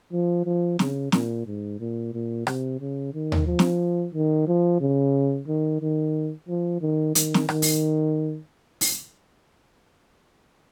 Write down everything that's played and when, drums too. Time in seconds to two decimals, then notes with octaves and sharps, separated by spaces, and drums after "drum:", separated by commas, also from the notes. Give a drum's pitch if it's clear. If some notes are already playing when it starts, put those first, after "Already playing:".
0.12 F3
0.45 F3
0.79 C#3, drum: snare
1.12 A#2, drum: snare
1.46 G#2
1.80 A#2
2.14 A#2
2.47 C3, drum: rim click
2.81 C#3
3.14 D#3
3.32 drum: tom D#2
3.47 F3
3.59 drum: snare
4.15 D#3
4.47 F3
4.81 C#3
5.48 D#3
5.81 D#3
6.49 F3
6.81 D#3
7.15 D#3, drum: hi-hat
7.34 drum: snare
7.49 D#3, drum: rim click
7.62 drum: open hi-hat
8.81 drum: open hi-hat